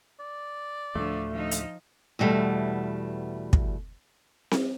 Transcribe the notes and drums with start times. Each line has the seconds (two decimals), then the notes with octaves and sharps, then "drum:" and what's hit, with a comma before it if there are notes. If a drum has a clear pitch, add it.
0.20 D5
0.95 D2 A2 D3 F3 A3
1.32 F3 D#4
1.51 drum: hi-hat
2.19 E2 B2 G3 A3
3.53 drum: kick
4.51 drum: snare C4